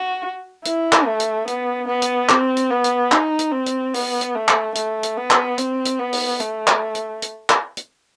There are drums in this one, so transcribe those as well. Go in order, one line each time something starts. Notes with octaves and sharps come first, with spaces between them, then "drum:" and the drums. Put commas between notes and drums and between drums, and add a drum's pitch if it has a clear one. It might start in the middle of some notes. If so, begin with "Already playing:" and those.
Already playing: F#4
E4, drum: hi-hat
drum: clap
A3
drum: hi-hat
B3, drum: hi-hat
B3
drum: hi-hat
C4, drum: clap
drum: hi-hat
B3
drum: hi-hat
D#4, drum: clap
drum: hi-hat
C4
drum: hi-hat
B3, drum: open hi-hat
drum: hi-hat
A3
drum: clap
A3, drum: hi-hat
drum: hi-hat
B3
drum: clap
C4, drum: hi-hat
drum: hi-hat
B3
drum: open hi-hat
A3, drum: hi-hat
drum: clap
drum: hi-hat
drum: hi-hat
drum: clap
drum: hi-hat